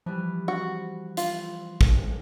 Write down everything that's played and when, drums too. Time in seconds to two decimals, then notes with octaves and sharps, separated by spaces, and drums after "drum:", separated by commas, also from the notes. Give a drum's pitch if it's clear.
0.06 E3 F3 G3
0.48 C4 F#4
1.17 F4, drum: hi-hat
1.81 drum: kick